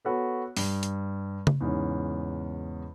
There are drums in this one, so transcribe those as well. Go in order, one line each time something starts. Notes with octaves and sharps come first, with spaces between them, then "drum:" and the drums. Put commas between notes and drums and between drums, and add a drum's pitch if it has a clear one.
B3 F#4 A4 B4 C#5
G2, drum: open hi-hat
drum: hi-hat
drum: tom C#3
E2 G#2 C#3 C#4